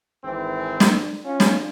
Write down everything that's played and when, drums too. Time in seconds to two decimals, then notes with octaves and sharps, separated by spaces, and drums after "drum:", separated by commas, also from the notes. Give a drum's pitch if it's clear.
0.24 G#1 E3 C4
0.80 drum: snare
1.25 C#4 F4
1.40 drum: snare